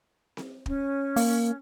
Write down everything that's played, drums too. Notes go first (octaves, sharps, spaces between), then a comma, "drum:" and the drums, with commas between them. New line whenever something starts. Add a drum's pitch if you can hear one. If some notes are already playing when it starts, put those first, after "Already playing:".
drum: snare C4
C#4, drum: kick
A#3, drum: open hi-hat